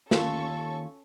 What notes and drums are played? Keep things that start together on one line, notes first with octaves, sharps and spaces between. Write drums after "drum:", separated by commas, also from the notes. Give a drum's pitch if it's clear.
D#2 C#4 F4 A4 A5 C#6, drum: snare